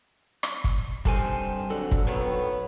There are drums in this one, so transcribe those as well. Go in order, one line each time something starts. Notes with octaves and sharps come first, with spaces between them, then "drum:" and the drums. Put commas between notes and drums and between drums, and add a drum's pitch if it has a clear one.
drum: rim click
drum: kick
G2 C3 D#3 C4 A4 G#5, drum: kick
D3 F#3 A4
drum: kick
A2 D#3 B3 C#5